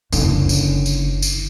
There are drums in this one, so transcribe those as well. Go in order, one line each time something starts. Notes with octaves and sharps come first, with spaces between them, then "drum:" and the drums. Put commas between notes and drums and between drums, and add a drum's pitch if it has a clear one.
F#1 D3, drum: tambourine
drum: tambourine
drum: tambourine
drum: tambourine